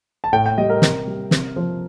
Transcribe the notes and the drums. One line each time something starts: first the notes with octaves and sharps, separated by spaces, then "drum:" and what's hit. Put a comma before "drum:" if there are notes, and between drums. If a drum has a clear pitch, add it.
A5
A2 G5
G5
G3 D#5
A#4
C3, drum: snare
G3
C3, drum: snare
F3